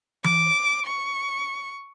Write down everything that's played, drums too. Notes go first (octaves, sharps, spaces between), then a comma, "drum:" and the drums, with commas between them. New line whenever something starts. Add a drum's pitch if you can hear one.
D6, drum: tom E3
C#6